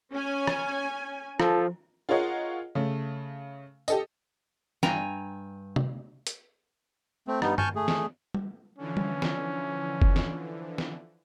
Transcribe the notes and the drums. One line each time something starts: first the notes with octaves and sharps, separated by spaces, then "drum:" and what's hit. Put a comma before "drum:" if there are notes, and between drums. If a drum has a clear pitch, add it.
C#4 G#5
drum: rim click
F3 A4, drum: rim click
F4 G#4 A#4 C#5 D#5 F#5
C#3 A3
G4 A4 D#5, drum: tambourine
G2 G5 G#5 A#5, drum: snare
drum: tom C3
drum: hi-hat
A3 C4
G2 G3 B3 D#4, drum: rim click
G#5 A5 C#6 F6 G6, drum: tom G2
A3 G#4
drum: snare
drum: tom G3
D3 E3 F3 C#4
drum: tom G3
drum: snare
drum: kick
drum: snare
drum: snare